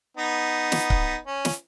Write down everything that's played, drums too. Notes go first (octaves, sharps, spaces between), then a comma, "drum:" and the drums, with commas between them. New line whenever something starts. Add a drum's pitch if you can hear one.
B3 D#4
drum: snare
drum: kick C#1
C#4
drum: snare